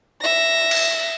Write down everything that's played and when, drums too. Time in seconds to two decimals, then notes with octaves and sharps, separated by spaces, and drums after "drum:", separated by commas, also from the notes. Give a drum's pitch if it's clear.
0.22 E5 A#6
0.71 drum: cymbal